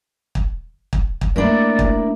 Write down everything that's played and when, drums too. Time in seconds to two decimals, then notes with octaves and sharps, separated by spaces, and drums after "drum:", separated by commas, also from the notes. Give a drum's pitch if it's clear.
0.35 drum: kick
0.93 drum: kick
1.21 drum: kick
1.36 A3 A#3 D4 E4 A#4 D5
1.79 drum: kick